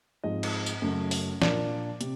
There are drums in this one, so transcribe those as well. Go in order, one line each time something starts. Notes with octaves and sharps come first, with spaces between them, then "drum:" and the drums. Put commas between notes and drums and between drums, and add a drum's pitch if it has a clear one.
G#2 F3 G#3 C4 D#5
drum: cymbal
drum: tambourine
F#2 C#3 F#3 A3
drum: open hi-hat
A#2 F3 A#3 D4 D5, drum: snare
C3, drum: hi-hat